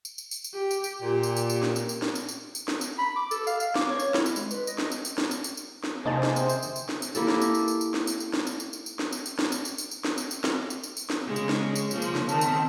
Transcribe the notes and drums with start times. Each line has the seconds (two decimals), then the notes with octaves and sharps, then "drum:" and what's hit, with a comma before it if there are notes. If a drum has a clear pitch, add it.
0.05 drum: tambourine
0.18 drum: tambourine
0.31 drum: tambourine
0.44 drum: tambourine
0.54 G4
0.71 drum: tambourine
0.84 drum: tambourine
1.02 A#2 G4
1.23 drum: tambourine
1.36 drum: tambourine
1.50 drum: tambourine
1.63 drum: snare
1.76 drum: tambourine
1.89 drum: tambourine
2.02 drum: snare
2.15 drum: tambourine
2.29 drum: tambourine
2.55 drum: tambourine
2.68 drum: snare
2.81 drum: tambourine
2.98 B5
3.16 D6
3.31 A4, drum: tambourine
3.47 F5, drum: tambourine
3.60 F5, drum: tambourine
3.76 D6, drum: snare
3.90 C#5
4.00 drum: tambourine
4.14 E4, drum: snare
4.26 drum: tambourine
4.36 G#3, drum: tambourine
4.51 B4, drum: tambourine
4.67 D#5, drum: tambourine
4.78 drum: snare
4.92 drum: tambourine
5.05 drum: tambourine
5.18 drum: snare
5.31 drum: tambourine
5.44 drum: tambourine
5.57 drum: tambourine
5.84 drum: snare
6.05 C3 A#3 D#4 G#4 C5 A5
6.23 drum: snare
6.36 drum: tambourine
6.49 drum: tambourine
6.63 drum: tambourine
6.76 drum: tambourine
6.89 drum: snare
7.02 drum: tambourine
7.15 A#3 E4 G4 A4, drum: tambourine
7.28 drum: snare
7.42 drum: tambourine
7.55 drum: tambourine
7.68 drum: tambourine
7.81 drum: tambourine
7.94 drum: snare
8.07 drum: tambourine
8.20 drum: tambourine
8.34 drum: snare
8.47 drum: tambourine
8.60 drum: tambourine
8.73 drum: tambourine
8.86 drum: tambourine
8.99 drum: snare
9.12 drum: tambourine
9.26 drum: tambourine
9.39 drum: snare
9.52 drum: tambourine
9.65 drum: tambourine
9.78 drum: tambourine
9.91 drum: tambourine
10.05 drum: snare
10.18 drum: tambourine
10.31 drum: tambourine
10.44 drum: snare
10.70 drum: tambourine
10.83 drum: tambourine
10.97 drum: tambourine
11.10 drum: snare
11.27 C#3 G#3
11.36 drum: tambourine
11.49 drum: snare
11.76 drum: tambourine
11.91 C#3 F3 A#3, drum: tambourine
12.02 drum: tambourine
12.15 drum: snare
12.29 D#3 C4 A5, drum: tambourine
12.41 drum: tambourine